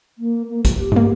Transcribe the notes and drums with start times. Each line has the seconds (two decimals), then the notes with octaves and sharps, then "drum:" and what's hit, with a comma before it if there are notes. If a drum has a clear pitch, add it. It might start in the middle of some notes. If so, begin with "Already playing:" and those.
0.18 A#3
0.50 A#3
0.65 C3 F3, drum: kick, hi-hat
0.78 G4
0.92 G#2 A#3